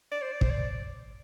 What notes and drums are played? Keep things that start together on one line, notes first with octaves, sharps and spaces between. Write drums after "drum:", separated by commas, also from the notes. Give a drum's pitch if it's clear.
D5
C5
D5
C5, drum: kick
D5